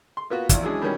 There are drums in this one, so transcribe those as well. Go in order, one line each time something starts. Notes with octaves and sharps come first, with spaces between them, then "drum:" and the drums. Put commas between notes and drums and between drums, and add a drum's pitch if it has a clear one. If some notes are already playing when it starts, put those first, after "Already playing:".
C6
A#3 B3 F4 F#4
A#1 E2 E3 F5, drum: kick, hi-hat
E3 F#3 G#3 C#4 D4 G#4
B2 D#3 E3 G3 C#4